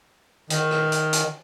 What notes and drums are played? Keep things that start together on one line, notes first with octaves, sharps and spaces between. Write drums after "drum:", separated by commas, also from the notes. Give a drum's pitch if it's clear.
D#3, drum: hi-hat
drum: rim click
drum: hi-hat
drum: hi-hat